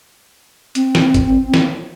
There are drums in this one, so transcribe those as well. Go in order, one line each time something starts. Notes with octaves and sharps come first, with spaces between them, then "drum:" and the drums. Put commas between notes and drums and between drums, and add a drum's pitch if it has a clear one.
C4, drum: hi-hat
drum: snare
drum: kick, hi-hat
drum: snare